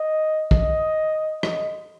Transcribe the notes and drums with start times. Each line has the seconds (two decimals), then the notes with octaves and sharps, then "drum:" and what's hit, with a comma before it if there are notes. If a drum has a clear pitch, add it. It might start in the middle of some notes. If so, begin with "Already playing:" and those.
Already playing: D#5
0.51 D#5, drum: kick
1.43 D#5, drum: rim click